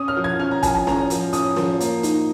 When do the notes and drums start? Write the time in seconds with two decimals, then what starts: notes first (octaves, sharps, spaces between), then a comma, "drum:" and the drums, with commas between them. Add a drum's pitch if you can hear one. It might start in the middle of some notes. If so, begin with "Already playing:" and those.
Already playing: C#4 D#6
0.08 F6
0.17 F3
0.24 G#6
0.39 C#4 F6
0.51 A#5
0.63 F3 G#5, drum: kick, hi-hat
0.74 G#5
0.87 C#4 A#5, drum: snare
1.10 F3, drum: hi-hat
1.33 C#4 D#6, drum: hi-hat
1.57 F3, drum: snare
1.80 A#3, drum: hi-hat
2.03 D#4, drum: hi-hat